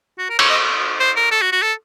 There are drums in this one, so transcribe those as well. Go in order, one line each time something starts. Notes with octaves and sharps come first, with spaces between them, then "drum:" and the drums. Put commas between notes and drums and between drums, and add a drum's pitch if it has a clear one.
F#4
A#4
C#5, drum: cymbal
D#5
C5
A#4
A4
F#4
F#4
A4